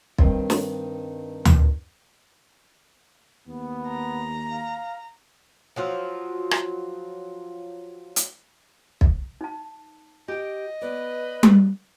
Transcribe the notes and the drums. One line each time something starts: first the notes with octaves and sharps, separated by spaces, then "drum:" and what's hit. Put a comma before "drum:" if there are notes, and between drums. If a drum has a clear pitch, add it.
G2 D#3 C4, drum: kick
drum: snare
drum: tom D2
D#2 B3
A#5
F5
F3 F#3 F4
drum: rim click
drum: hi-hat
drum: kick
D#4 A5
G4 D#5 G5
B3 B4 D5
drum: tom G3